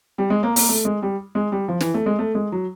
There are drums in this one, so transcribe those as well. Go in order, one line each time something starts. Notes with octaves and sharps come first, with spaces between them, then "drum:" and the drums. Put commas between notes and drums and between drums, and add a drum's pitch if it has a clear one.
G3
G#3
A#3
A#3, drum: open hi-hat
A3
G#3
G3
G#3
G3
F3
E3, drum: snare
A3
G#3
A3
G#3
F#3